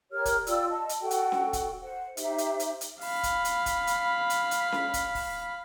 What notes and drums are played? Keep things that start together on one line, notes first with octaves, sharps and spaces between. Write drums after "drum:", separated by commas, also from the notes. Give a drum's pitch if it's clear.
G4 A#4 C#5 F6
drum: kick, hi-hat
F4 D5 G5 E6, drum: hi-hat
D#5 A5
drum: hi-hat
F#4 A4 G5
drum: hi-hat
drum: snare C#4
drum: kick, hi-hat
C5 F#5
D#4 G4 C5 E5, drum: hi-hat
drum: hi-hat
drum: hi-hat
drum: hi-hat
F5 B5, drum: open hi-hat
drum: kick, hi-hat
drum: hi-hat
drum: kick, hi-hat
drum: hi-hat
drum: hi-hat
drum: hi-hat
drum: snare C#4
drum: kick, hi-hat
drum: kick, open hi-hat